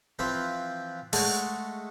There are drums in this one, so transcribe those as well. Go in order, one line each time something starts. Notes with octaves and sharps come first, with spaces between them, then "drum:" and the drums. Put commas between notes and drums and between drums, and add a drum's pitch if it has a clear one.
E3 F3 C4 F4 B4 C5
G#3 A3 F#4 A5, drum: open hi-hat